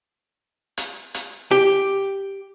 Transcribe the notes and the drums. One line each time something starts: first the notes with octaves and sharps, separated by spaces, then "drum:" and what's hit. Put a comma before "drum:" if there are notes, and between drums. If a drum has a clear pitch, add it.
drum: hi-hat
drum: hi-hat
G4